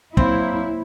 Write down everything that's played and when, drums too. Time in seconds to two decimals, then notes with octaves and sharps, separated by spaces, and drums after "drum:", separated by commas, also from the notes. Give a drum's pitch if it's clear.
0.17 F#3 A#3 C4 E4, drum: kick